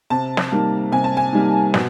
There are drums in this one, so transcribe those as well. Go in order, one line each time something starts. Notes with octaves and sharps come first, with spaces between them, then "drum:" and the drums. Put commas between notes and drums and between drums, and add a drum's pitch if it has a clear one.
C3 A5
drum: snare
D#3 G3 A#3
C3 G#5
A5
G#5
D#3 G3 A#3
B2, drum: snare